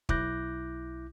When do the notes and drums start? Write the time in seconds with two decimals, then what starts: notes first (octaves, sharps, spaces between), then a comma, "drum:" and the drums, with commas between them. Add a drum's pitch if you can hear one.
0.09 B1 E4 D6 F#6 G6 A#6, drum: kick